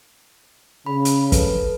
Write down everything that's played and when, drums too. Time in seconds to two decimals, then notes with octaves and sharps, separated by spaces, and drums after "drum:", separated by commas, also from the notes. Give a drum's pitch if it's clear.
0.86 C#3 B5
1.05 drum: hi-hat
1.32 A4 B4, drum: kick, hi-hat